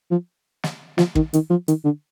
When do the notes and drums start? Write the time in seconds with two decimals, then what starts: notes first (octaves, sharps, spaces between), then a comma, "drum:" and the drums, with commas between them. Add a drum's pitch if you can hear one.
0.11 F3
0.64 drum: snare
0.98 F3, drum: snare
1.15 D#3, drum: kick
1.33 D#3, drum: hi-hat
1.50 F3
1.68 D#3, drum: hi-hat
1.84 D3